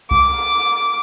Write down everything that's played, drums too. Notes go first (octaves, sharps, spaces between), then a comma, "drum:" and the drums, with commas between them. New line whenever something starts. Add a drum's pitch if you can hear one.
D6, drum: kick C2